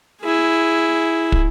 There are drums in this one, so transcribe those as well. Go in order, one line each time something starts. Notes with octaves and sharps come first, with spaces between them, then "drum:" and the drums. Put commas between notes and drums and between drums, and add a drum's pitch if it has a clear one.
E4 G#4
drum: kick